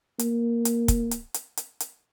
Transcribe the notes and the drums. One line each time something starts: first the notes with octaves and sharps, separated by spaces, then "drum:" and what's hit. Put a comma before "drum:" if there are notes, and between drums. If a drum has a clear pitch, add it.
A#3, drum: hi-hat
drum: hi-hat
drum: kick, hi-hat
drum: hi-hat
drum: hi-hat
drum: hi-hat
drum: hi-hat